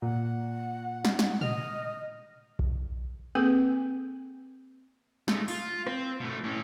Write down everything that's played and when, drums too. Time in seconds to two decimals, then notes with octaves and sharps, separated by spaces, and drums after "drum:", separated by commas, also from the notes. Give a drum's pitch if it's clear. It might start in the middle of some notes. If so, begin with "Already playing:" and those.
0.02 A#2 F#5
1.05 drum: snare
1.19 drum: snare
1.41 D#5 F6, drum: tom
2.59 drum: kick B1
3.35 A#3 C4 G#4 A4 B4
5.28 G#3 A3, drum: snare
5.48 F4, drum: open hi-hat
5.87 C4, drum: rim click
6.20 B2 A3
6.44 A2 C#4